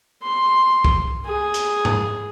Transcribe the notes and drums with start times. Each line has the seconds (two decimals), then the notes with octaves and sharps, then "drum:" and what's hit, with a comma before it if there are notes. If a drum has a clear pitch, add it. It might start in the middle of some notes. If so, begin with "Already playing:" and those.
0.23 C6
0.85 drum: kick
1.25 G#4
1.54 drum: hi-hat
1.85 drum: tom G#2